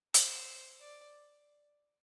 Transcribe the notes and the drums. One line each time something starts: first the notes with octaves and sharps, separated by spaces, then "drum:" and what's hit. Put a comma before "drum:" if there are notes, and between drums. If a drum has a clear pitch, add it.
C5, drum: hi-hat
D5